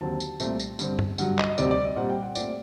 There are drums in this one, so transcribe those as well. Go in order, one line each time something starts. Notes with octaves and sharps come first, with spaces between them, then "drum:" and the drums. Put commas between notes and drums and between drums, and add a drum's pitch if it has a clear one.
D#2 D3 F#3 C4 A5
drum: tambourine
C2 A#2 A3 C4, drum: tambourine
drum: tambourine
G2 D3 G3 C4, drum: tambourine
drum: tom
G2 D3 F#3 F#5, drum: tambourine
D#5, drum: clap
D2 C3 G3 C4 D5, drum: tambourine
D5
D#5
A#2 G3 C4 F#5
G5
F#5
A#2 A3 C4 D5, drum: tambourine